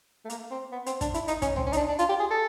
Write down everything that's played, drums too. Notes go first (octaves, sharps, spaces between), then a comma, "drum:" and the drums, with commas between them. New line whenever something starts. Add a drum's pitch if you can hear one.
A3
A#3, drum: hi-hat
C4
B3
C4, drum: hi-hat
D4, drum: kick, hi-hat
E4, drum: hi-hat
D#4, drum: hi-hat
C#4, drum: kick, hi-hat
C4, drum: tom
C#4
D#4, drum: hi-hat
D4
D4
F4, drum: hi-hat
G4
G#4
A4